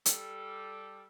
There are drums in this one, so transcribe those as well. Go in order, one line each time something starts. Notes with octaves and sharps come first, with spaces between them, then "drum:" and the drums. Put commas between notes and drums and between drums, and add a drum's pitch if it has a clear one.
G3 A4, drum: hi-hat